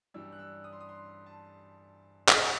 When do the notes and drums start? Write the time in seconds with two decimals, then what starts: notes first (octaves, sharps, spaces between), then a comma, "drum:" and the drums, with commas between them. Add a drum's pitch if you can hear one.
0.14 G2 E3 G3 E6
0.32 F#6
0.39 E6
0.64 D#6
0.73 C6
0.80 D#6
0.89 C6
1.26 A5
2.29 drum: clap
2.39 F#5